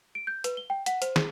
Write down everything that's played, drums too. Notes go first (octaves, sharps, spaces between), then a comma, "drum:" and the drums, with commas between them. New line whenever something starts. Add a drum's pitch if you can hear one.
D7
G6
B4, drum: hi-hat
G7
G5
F#5, drum: hi-hat
C5, drum: hi-hat
G#4, drum: snare